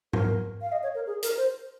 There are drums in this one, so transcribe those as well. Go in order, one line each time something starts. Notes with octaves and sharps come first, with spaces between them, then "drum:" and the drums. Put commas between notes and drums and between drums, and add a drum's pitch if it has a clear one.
A#4, drum: tom G#2
F5
D#5
C#5
A#4
G#4
A#4, drum: hi-hat
C5